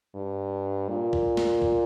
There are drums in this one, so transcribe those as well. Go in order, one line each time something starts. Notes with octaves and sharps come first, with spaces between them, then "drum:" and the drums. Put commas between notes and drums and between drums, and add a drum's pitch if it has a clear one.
G2
A#2
drum: kick B1
drum: snare
drum: kick B1